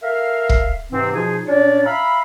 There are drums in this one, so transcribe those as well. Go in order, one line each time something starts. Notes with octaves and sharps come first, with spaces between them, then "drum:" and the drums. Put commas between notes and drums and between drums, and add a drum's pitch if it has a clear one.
A4 A#4 E5 F5
drum: kick
G#2 C3 E3 C4
B2 F3 D#4 F4 G#4
A#2 C#4 D4 C#5 D5
E5 F5 A#5 B5